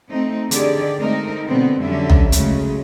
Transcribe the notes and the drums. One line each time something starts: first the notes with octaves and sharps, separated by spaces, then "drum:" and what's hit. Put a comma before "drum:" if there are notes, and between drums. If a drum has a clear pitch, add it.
A3 C4 D#4
D3 D#3 G4 G#4 D5, drum: hi-hat
G#3 A3 C4 D#4 A#4
B2 D3 B3 C4
F2 D3 F#3 G3 C#4 E5
drum: tom
C#3 F#3 G#3 A3, drum: hi-hat